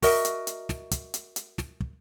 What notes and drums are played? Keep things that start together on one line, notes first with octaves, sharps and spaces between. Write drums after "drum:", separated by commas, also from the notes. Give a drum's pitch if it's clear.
F#4 A#4 D#5 E5, drum: kick, open hi-hat
drum: hi-hat
drum: hi-hat
drum: snare
drum: kick, hi-hat
drum: hi-hat
drum: hi-hat
drum: snare
drum: kick